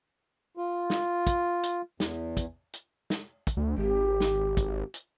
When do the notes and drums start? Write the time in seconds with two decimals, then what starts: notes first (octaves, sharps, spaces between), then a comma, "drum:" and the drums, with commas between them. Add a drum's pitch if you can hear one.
0.57 F4
0.90 drum: snare
1.27 drum: kick, hi-hat
1.63 drum: hi-hat
2.00 E2, drum: snare
2.37 drum: kick, hi-hat
2.74 drum: hi-hat
3.10 drum: snare
3.47 drum: kick, hi-hat
3.57 D2
3.78 G#1 G4
4.20 drum: snare
4.57 drum: kick, hi-hat
4.94 drum: hi-hat